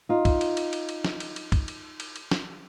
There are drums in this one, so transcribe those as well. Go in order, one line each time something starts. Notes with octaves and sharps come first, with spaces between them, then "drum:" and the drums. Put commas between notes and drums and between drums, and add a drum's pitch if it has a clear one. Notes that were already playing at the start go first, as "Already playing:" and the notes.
D#4 F4
drum: kick, cymbal
drum: cymbal
drum: cymbal
drum: cymbal
drum: cymbal
drum: snare
drum: cymbal
drum: cymbal
drum: kick, cymbal
drum: cymbal
drum: cymbal
drum: cymbal
drum: snare